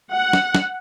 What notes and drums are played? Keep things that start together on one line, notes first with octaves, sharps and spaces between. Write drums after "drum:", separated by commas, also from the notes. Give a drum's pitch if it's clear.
F#5
drum: snare
drum: snare